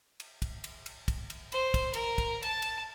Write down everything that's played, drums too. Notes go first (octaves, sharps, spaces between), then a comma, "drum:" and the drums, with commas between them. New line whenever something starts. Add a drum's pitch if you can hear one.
drum: cymbal
drum: kick, cymbal
drum: cymbal
drum: cymbal
drum: kick, cymbal
drum: cymbal
C5, drum: cymbal
drum: kick, cymbal
A#4, drum: cymbal
drum: kick, cymbal
A5, drum: cymbal
drum: cymbal